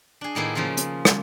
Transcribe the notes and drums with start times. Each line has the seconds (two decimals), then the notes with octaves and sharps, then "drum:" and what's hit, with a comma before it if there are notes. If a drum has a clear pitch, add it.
0.21 D4 G#4
0.35 A2 D#3 A#3 B3 E4 G#4
0.55 C#3 F3 A#3 C#4 F4
0.77 drum: hi-hat
1.05 drum: rim click